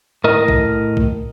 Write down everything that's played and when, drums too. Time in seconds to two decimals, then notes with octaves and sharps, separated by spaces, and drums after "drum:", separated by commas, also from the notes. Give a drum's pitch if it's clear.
0.24 A2 A#4 D#5
0.48 drum: kick
0.97 drum: kick